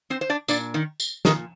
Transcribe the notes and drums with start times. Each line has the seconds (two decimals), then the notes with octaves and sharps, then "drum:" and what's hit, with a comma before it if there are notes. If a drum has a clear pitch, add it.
0.10 C4 C5
0.21 C5
0.30 D4 D5
0.48 A#2 D4 D5, drum: tambourine
0.74 D#3 D#4
1.00 drum: tambourine
1.25 A#2 D#3 D#4, drum: snare